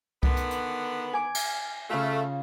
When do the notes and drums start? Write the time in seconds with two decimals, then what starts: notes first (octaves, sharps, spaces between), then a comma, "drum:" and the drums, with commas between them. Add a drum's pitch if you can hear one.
0.23 D3 D#3 B3, drum: kick C2
0.37 drum: hi-hat
0.51 drum: hi-hat
1.13 G#5 D6
1.35 drum: cymbal
1.90 C#3 A3 F4